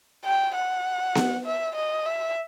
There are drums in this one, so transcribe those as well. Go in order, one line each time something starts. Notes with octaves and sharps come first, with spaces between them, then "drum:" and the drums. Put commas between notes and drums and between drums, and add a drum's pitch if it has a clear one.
G5
F#5
drum: snare B3
E5
D#5
E5